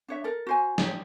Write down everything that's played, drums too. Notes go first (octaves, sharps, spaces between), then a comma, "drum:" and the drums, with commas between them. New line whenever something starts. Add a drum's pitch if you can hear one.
D4 C#5 E5
A4 A#4
F#4 C5 G#5
D4 G4, drum: snare